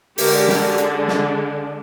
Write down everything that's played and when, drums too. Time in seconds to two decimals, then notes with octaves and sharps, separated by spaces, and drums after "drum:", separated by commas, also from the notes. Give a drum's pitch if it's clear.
0.18 D3 G#3 D4 G4 A#4, drum: open hi-hat
0.48 drum: snare
0.78 drum: hi-hat
1.08 drum: snare